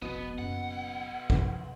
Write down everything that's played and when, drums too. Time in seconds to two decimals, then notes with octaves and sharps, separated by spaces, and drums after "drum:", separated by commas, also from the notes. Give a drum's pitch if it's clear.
0.02 E1 A#1 B2 B3
0.38 F#1 B1 F#2 F#5
1.30 C3 F3, drum: kick